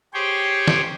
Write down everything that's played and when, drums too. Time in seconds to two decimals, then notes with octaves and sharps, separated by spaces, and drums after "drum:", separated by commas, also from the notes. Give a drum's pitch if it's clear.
0.14 G4 G#4 C5 C#5 G5
0.67 drum: snare